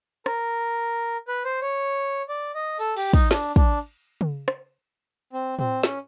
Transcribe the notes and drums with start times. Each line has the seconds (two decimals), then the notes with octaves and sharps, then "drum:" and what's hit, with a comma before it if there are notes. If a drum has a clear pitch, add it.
0.26 A#4, drum: rim click
1.28 B4
1.45 C5
1.62 C#5
2.29 D5
2.55 D#5
2.79 A4, drum: open hi-hat
2.97 G4, drum: cymbal
3.13 D#4, drum: kick
3.31 D4, drum: snare
3.56 D4, drum: kick
4.21 drum: tom C#3
4.48 drum: rim click
5.33 C4
5.59 C4, drum: tom A2
5.83 C#4, drum: snare